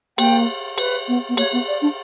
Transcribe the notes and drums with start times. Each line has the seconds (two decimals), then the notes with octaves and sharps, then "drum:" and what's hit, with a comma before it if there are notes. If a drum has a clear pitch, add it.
0.18 A#3 G5, drum: cymbal
0.78 B4, drum: cymbal
1.08 B3
1.29 B3
1.37 A#3 C#5, drum: cymbal
1.52 B3
1.68 D5
1.82 D4